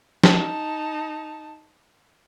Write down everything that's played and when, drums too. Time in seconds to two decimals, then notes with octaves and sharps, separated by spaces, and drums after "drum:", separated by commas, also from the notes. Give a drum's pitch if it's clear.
0.24 D#4 A5, drum: snare